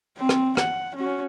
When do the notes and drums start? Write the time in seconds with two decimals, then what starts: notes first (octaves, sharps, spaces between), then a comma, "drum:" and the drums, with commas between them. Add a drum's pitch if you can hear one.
0.18 C4
0.29 drum: rim click
0.57 F#5, drum: rim click
0.95 C#4 F#4